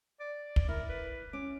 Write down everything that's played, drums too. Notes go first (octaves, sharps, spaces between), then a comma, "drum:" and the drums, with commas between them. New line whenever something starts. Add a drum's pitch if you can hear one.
D5
drum: kick
E4 A#4
B4
C#4 D6